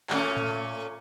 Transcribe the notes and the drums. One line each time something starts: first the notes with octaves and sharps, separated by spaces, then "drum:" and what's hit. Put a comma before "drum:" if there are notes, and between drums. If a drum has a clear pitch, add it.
A#2 A3 C#4, drum: clap
drum: tom A2